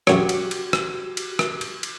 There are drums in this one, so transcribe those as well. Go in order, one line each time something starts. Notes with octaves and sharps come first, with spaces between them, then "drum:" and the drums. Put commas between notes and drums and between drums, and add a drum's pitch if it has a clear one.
F#2 F#4 G4 C#5, drum: rim click
drum: cymbal
drum: cymbal
drum: rim click
drum: cymbal
drum: rim click
drum: cymbal
drum: cymbal